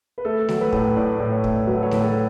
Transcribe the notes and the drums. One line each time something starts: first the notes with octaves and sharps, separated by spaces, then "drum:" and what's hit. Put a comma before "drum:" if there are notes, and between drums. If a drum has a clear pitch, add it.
B4
A3 A4
F#3, drum: snare A3
B4
A2, drum: kick
A2 D5
A2
C#5
A3, drum: kick
F#3 B4
C#5
A2 B4, drum: snare A3
A4